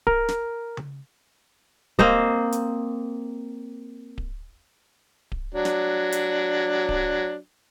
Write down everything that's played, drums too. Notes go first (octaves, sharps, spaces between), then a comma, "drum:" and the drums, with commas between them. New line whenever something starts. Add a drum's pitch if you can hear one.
A#4, drum: kick D1
drum: snare
drum: tom C#3
A#3 C4 C5 D#5, drum: kick D1
drum: hi-hat
drum: kick D1
drum: kick D1
F#3 D4
drum: snare
drum: hi-hat
drum: kick D1